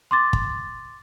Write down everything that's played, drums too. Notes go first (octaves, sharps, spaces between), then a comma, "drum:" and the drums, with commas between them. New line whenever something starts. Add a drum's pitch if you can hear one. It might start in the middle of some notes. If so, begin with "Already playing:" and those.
C6 D6 A6
drum: kick